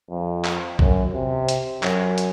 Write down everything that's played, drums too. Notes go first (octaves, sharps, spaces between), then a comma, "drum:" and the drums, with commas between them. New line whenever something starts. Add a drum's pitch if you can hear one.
F2
drum: clap
F#2, drum: kick B1
C3
drum: hi-hat
F#2, drum: clap
drum: hi-hat